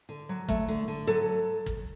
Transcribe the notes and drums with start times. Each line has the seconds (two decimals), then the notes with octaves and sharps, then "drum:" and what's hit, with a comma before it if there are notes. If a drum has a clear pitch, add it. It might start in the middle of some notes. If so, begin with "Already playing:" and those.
0.09 D3
0.29 F#3
0.48 A3, drum: kick
0.68 D3
0.88 D3
1.07 F#3 A4
1.66 drum: kick